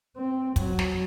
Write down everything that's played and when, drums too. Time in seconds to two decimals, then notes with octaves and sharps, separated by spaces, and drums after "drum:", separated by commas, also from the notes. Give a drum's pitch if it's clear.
0.16 C4
0.56 F#3, drum: kick, hi-hat
0.79 drum: snare